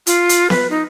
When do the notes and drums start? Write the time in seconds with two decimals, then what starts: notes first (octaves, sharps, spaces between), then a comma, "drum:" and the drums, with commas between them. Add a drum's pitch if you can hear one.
0.07 F4, drum: hi-hat
0.29 drum: hi-hat
0.50 B4, drum: snare B3
0.70 D#4